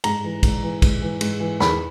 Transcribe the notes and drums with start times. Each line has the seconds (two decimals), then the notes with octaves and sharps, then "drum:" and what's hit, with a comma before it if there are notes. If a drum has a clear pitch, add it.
0.04 G#2 A#5, drum: cymbal
0.24 E3
0.43 G#2, drum: kick, cymbal
0.63 E3
0.82 G#2, drum: kick, cymbal
1.02 E3
1.21 G#2, drum: cymbal
1.40 E3
1.60 E2 B5, drum: snare